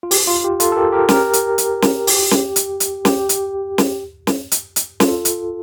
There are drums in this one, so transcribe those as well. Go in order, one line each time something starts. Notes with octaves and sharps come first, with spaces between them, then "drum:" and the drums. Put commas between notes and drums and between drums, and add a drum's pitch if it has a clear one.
F4
G4, drum: open hi-hat
F4
G4
F4 A4, drum: hi-hat
A4
G4 A#4
G4 A#4
G4 A#4, drum: snare
drum: hi-hat
drum: hi-hat
drum: snare
G4, drum: open hi-hat
drum: snare
drum: hi-hat
drum: hi-hat
G4, drum: snare
drum: hi-hat
drum: snare
drum: snare
drum: hi-hat
drum: hi-hat
F4 A4, drum: snare
drum: hi-hat